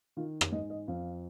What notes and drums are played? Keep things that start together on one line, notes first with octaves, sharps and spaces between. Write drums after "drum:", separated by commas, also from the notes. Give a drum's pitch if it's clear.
D#3 F4
drum: rim click
G#2 D#5
D#5
F2 F5